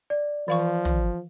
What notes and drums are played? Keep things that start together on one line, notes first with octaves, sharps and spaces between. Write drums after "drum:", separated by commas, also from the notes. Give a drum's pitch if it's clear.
D5
E3 F3 D5 F5 C#6
drum: tom